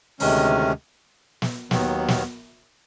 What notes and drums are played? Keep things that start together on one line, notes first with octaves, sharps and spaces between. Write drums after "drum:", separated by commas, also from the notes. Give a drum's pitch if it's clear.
D2 C3 D#3 G#3 C#4, drum: open hi-hat
drum: snare
D#2 D#3 F#3 B3, drum: snare
drum: snare